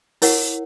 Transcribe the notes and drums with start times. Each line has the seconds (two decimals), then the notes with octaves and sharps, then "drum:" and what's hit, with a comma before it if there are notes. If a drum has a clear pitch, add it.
0.22 E4 A#4 C#5 F#5, drum: open hi-hat